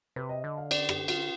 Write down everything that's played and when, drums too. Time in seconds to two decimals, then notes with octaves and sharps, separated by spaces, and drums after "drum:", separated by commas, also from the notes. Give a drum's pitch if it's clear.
0.16 C3 B4
0.29 D#5
0.44 D3 D#5
0.57 F5
0.71 D5, drum: cymbal
0.89 G4, drum: rim click
1.08 F4, drum: cymbal